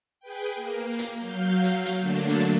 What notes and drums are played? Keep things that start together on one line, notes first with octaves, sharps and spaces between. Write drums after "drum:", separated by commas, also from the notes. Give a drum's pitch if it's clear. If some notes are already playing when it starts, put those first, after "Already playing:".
G#4 B4 G5
A#3
drum: hi-hat
F#3 F5 G6
drum: hi-hat
drum: hi-hat
D3 F#3 A3 A#3 D4 A4
drum: hi-hat